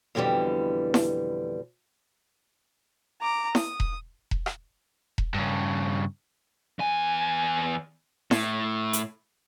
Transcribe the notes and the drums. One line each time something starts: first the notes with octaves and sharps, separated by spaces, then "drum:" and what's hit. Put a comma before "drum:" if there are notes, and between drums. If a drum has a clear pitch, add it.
F2 B2 D3 E3 G3
drum: snare E4
A#5 D6
D#6, drum: snare E4
drum: kick E1
drum: kick E1
drum: rim click
drum: kick E1
G2 C#3
E2 G#5
A2, drum: snare E4
drum: hi-hat